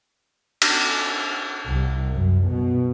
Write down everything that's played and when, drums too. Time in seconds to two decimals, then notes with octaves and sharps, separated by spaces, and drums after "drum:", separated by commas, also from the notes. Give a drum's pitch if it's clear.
0.62 drum: cymbal
1.66 C2
2.13 F#2
2.49 B2